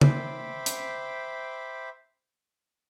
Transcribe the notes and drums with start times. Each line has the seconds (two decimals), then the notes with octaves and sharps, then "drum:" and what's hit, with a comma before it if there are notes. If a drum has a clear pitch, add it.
0.01 C5 E5 G5 B5 D6, drum: tom C#3
0.66 drum: hi-hat